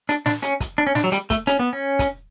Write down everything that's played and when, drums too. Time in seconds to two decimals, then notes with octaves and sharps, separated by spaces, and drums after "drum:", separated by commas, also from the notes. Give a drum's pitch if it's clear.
0.09 D4, drum: hi-hat
0.26 D4, drum: snare
0.42 C#4, drum: hi-hat
0.60 drum: kick, hi-hat
0.78 D4
0.87 C#4
0.95 D4, drum: snare
1.04 F#3
1.12 G3, drum: hi-hat
1.30 A3, drum: kick, hi-hat
1.47 C#4, drum: hi-hat
1.59 B3
1.73 C#4
1.99 drum: kick, hi-hat